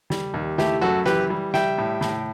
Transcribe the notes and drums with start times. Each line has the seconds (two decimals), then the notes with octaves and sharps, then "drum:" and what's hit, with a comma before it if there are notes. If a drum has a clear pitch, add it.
0.10 G3, drum: snare
0.34 D#2
0.58 A3 E4 G4, drum: snare
0.81 F#2 F#4 A4
1.06 E3 G4 B4, drum: snare
1.30 G3
1.54 G3 E5 G5, drum: snare
1.78 A2
2.01 A2, drum: snare